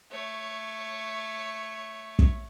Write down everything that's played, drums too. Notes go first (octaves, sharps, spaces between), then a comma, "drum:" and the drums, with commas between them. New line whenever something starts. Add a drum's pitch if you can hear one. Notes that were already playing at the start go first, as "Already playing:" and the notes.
A3 C#5
drum: kick